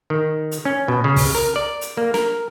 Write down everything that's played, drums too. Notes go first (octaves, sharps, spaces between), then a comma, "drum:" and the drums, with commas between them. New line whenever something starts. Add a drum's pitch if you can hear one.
D#3
drum: hi-hat
C#4
B2
C#3
drum: kick, open hi-hat
A#4
D5
drum: hi-hat
A#3
A#4, drum: snare